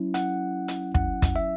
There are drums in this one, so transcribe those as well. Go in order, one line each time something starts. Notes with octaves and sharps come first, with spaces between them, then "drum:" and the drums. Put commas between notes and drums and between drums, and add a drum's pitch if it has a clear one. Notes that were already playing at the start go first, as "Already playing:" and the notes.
Already playing: F#3 C#4 E4
F#5, drum: hi-hat
drum: hi-hat
F#5, drum: kick
drum: kick, hi-hat
E5